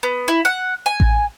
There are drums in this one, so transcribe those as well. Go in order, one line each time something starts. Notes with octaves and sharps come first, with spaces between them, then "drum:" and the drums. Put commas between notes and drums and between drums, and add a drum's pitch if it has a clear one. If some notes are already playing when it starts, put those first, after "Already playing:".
B3
E4
F#5
G#5
drum: kick A1